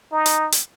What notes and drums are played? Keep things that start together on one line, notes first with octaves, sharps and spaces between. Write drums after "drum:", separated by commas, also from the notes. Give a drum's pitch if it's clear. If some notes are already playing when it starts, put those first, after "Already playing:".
D#4
drum: hi-hat
drum: hi-hat